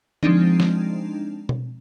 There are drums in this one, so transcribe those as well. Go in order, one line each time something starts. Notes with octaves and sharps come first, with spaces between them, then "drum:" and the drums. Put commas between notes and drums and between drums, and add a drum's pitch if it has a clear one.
F3 G#3 C4 D4 D#4, drum: tom D3
drum: snare
drum: tom B2